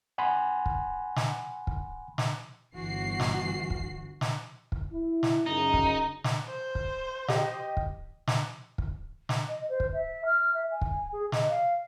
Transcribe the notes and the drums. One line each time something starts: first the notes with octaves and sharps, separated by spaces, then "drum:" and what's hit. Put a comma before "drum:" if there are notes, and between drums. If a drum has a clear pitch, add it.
F#5 G#5 B5 C6
drum: kick
drum: snare
drum: kick
drum: snare
G1 E3 F#4 C7
drum: snare
drum: kick
drum: snare
drum: kick
E4
drum: snare
F#2 C#3 D#4
drum: kick
drum: snare
C5
drum: kick
G4 D#5, drum: snare
drum: kick
drum: snare
drum: kick
drum: snare
D#5
C5
drum: kick
E5
F6
E5
G#5
drum: kick
G#4
D#5, drum: snare
F5